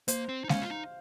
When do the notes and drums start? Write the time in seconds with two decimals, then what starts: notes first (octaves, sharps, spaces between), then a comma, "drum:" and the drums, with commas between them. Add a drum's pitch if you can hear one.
0.08 A#3 C5, drum: hi-hat
0.29 C4
0.44 D#4
0.49 C#4 F5, drum: snare G#3
0.62 F4
0.71 D#4